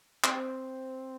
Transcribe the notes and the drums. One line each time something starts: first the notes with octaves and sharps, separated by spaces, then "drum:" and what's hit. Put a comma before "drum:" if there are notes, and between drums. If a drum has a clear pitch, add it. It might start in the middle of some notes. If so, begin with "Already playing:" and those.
C4, drum: clap